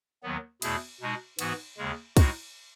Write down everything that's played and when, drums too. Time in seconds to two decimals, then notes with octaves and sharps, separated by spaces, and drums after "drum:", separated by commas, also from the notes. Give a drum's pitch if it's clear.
0.23 D#2 D#3 F#3 B3
0.62 E2 B2 A3 E4 G#4, drum: cymbal
1.01 B2 G#3 D#4 F#4
1.39 G#2 E3 B3 F#4, drum: cymbal
1.78 D#2 C#3 G#3
2.17 A2 G#3 D#4 F#4, drum: kick, cymbal